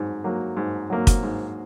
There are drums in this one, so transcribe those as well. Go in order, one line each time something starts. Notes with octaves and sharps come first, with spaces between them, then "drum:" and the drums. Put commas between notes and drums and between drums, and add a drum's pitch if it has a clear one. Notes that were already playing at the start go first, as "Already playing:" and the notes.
Already playing: G#2 F#3
F#3 A#3
G#2
F#3 A#3
drum: kick, hi-hat
G#2